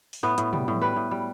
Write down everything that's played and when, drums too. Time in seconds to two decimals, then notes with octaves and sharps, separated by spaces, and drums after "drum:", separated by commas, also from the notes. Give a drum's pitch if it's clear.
0.13 drum: open hi-hat
0.23 A2 B3
0.38 A2, drum: hi-hat
0.53 G3, drum: tom
0.68 A2, drum: tom
0.81 G3 B4
0.96 A2
1.11 G3